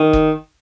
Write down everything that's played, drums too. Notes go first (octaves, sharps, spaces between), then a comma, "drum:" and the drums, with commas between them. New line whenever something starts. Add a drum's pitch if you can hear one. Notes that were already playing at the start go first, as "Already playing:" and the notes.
Already playing: D#3
drum: kick F#1